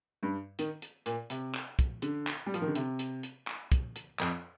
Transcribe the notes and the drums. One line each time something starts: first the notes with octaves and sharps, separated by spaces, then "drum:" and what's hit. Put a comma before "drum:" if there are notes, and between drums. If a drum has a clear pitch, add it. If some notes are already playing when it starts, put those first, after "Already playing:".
G2
D#3, drum: hi-hat
drum: hi-hat
A#2, drum: hi-hat
C3, drum: hi-hat
drum: clap
drum: kick, hi-hat
D3, drum: hi-hat
drum: clap
G3
F3, drum: hi-hat
D#3
D3
C3, drum: hi-hat
drum: hi-hat
drum: hi-hat
drum: clap
drum: kick, hi-hat
drum: hi-hat
F2, drum: clap